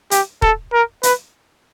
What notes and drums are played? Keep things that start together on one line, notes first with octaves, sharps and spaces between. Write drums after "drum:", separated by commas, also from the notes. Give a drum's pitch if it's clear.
G4, drum: hi-hat
A4, drum: kick D#1
A#4
B4, drum: hi-hat